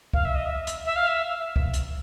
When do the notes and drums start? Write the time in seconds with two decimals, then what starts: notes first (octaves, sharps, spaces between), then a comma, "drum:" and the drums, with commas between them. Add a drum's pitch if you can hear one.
0.13 F5, drum: kick
0.25 E5
0.35 D#5
0.46 E5
0.67 drum: hi-hat
0.85 E5
0.96 F5
1.07 E5
1.56 drum: kick
1.74 drum: hi-hat